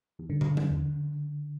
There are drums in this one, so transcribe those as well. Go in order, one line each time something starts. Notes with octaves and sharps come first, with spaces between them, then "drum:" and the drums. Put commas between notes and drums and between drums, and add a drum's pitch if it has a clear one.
E2
G2 D3
drum: tom
drum: tom F#3
E2